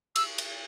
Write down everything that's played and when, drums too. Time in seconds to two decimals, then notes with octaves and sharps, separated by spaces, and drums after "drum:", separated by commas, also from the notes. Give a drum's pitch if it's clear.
0.16 E6, drum: cymbal
0.38 drum: cymbal